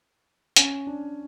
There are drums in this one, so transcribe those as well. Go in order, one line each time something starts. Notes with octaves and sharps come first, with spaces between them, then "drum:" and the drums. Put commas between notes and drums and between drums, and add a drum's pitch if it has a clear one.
C#4, drum: hi-hat
D4